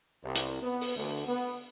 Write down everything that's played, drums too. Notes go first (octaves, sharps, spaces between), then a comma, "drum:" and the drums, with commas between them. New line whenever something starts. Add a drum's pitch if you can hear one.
C2
drum: hi-hat
B3
drum: open hi-hat
D2
B3